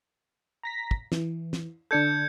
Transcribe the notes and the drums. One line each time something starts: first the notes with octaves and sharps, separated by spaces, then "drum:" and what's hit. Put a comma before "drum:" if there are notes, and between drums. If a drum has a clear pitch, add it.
A#5 A#6 B6
drum: kick
E3, drum: snare
drum: snare
D3 D4 A4 G6 G#6 C#7